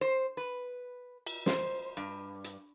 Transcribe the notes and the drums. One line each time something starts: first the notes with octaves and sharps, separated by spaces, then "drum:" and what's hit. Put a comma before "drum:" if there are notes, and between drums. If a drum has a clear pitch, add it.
C5
B4
drum: cymbal
C5, drum: snare
G2
drum: hi-hat